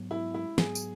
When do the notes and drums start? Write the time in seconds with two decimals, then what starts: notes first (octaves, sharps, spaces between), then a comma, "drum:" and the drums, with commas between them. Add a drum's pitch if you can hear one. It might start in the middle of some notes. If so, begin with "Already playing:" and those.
Already playing: G#2 F#3 B3
0.11 E4
0.34 E4
0.58 G#2 F#3 B3 G#4, drum: snare
0.75 drum: tambourine